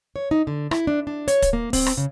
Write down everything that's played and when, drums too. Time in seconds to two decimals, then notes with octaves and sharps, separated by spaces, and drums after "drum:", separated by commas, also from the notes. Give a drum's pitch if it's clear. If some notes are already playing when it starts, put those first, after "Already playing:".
0.16 C#5
0.31 D#4
0.47 D3
0.71 E4, drum: rim click
0.87 D4
1.07 D4
1.28 C#5, drum: hi-hat
1.42 drum: kick, hi-hat
1.53 A#3
1.73 C4, drum: kick, open hi-hat
1.86 drum: rim click
1.97 C#3